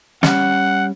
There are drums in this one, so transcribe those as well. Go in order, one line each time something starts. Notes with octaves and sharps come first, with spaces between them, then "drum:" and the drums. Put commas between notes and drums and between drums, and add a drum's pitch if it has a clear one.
G3 C#4 F#5, drum: snare